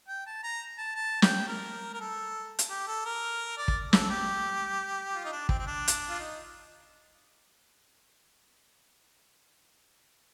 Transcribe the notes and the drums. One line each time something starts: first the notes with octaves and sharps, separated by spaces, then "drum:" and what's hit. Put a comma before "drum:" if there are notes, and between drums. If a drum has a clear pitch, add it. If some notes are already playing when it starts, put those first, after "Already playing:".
G5
A5
A#5
A5
A5
G5, drum: snare
A#4
A#4
A4
drum: hi-hat
G4
A4
A#4
D5
drum: kick
A4, drum: snare
G4
F4
D#4
D4
C4, drum: kick
C4
D4
drum: hi-hat
F4
D#4